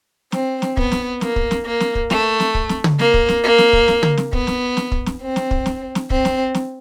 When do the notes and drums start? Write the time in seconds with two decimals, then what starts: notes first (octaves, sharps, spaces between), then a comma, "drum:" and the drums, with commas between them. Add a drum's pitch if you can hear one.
0.32 C4, drum: snare
0.62 drum: snare
0.77 B3, drum: kick
0.92 drum: snare
1.21 A#3, drum: snare
1.36 drum: kick
1.51 drum: snare
1.65 A#3
1.80 drum: snare
1.95 drum: kick
2.10 A3, drum: snare
2.40 drum: snare
2.55 drum: kick
2.69 drum: snare
2.84 drum: tom
2.99 A#3, drum: snare
3.14 drum: kick
3.29 drum: snare
3.43 A#3
3.58 drum: snare
3.73 drum: kick
3.88 drum: snare
4.03 drum: tom
4.17 drum: snare
4.33 B3, drum: kick
4.47 drum: snare
4.77 drum: snare
4.92 drum: kick
5.06 drum: snare
5.22 C4
5.36 drum: snare
5.51 drum: kick
5.66 drum: snare
5.95 drum: snare
6.10 C4, drum: kick
6.25 drum: snare
6.55 drum: snare